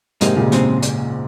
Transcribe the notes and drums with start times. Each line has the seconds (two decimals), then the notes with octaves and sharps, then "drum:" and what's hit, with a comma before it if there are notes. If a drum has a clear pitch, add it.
0.21 G#2 C3 D#3 A#3 D#4, drum: hi-hat
0.36 A#2 C#3
0.52 F#2 F3 G#3 C4 D#4, drum: hi-hat
0.82 drum: hi-hat